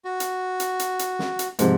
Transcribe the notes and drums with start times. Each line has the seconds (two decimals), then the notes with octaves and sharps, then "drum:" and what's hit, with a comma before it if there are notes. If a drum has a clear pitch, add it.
0.05 F#4
0.20 drum: hi-hat
0.60 drum: hi-hat
0.80 drum: hi-hat
0.99 drum: hi-hat
1.19 drum: snare
1.39 drum: hi-hat
1.59 G#2 C3 F3, drum: hi-hat